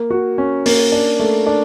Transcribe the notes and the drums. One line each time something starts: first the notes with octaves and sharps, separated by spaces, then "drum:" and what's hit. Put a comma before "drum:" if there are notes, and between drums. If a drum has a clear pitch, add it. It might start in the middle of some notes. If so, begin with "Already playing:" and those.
Already playing: A#3
F#4
C#4
A#3, drum: open hi-hat
D4
A3
D4